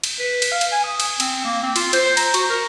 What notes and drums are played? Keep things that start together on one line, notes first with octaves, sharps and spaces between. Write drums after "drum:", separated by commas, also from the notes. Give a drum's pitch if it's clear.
drum: cymbal
B4
drum: cymbal
F5
drum: cymbal
G#5
D#6
drum: cymbal
C4, drum: cymbal
A#3
C4
F4, drum: cymbal
C5, drum: cymbal
A#5, drum: cymbal
F#4, drum: cymbal
A#4